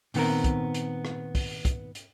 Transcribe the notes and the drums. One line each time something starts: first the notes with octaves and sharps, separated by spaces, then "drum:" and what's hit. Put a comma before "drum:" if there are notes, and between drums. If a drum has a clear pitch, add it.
A#2 D#3 B3 C4 A#4, drum: open hi-hat
drum: kick, hi-hat
drum: hi-hat
drum: rim click
drum: kick, open hi-hat
drum: kick, hi-hat
drum: hi-hat